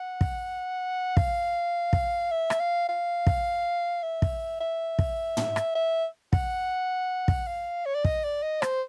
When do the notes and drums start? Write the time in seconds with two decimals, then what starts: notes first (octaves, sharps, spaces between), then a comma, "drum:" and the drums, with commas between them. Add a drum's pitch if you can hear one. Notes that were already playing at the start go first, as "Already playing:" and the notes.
Already playing: F#5
0.21 drum: kick
1.17 F5, drum: kick
1.93 drum: kick
2.31 E5
2.50 drum: rim click
2.59 F5
2.89 F5
3.27 drum: kick
4.03 E5
4.22 drum: kick
4.60 E5
4.99 drum: kick
5.37 drum: tom
5.56 drum: rim click
5.75 E5
6.33 F#5, drum: kick
7.28 drum: kick
7.47 F5
7.86 C#5
7.95 D5
8.05 D#5, drum: kick
8.24 D5
8.43 D#5
8.62 C5, drum: rim click